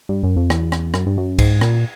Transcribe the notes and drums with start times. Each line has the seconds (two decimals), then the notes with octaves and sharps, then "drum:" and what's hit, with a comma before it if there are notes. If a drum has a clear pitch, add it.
0.09 G2
0.23 F#2
0.36 F2
0.50 E2, drum: rim click
0.72 drum: rim click
0.94 F#2, drum: rim click
1.06 G2
1.17 F#2
1.38 G#2, drum: kick C2, cymbal
1.61 A#2, drum: rim click